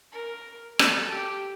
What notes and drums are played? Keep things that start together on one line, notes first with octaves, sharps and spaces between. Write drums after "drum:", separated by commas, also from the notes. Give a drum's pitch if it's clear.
A#4
A4, drum: rim click
G4